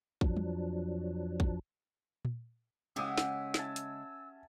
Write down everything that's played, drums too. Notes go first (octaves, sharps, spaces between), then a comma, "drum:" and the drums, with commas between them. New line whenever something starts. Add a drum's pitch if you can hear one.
F2 F3 F#3 D4, drum: kick
drum: tom
drum: kick
drum: tom A#2
C#3 G#3 C#4 G4 G#4 F#5 D#6 E6
C#4, drum: snare
E5 G#5 A5, drum: snare
drum: hi-hat